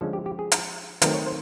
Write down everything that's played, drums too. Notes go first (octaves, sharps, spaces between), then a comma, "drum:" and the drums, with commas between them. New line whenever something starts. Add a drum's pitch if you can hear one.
D3 F3 G#3 C#4 A4
G4
G4
G#4
drum: hi-hat
D#3 F#3 A3 C4 B4, drum: hi-hat
C#5
C5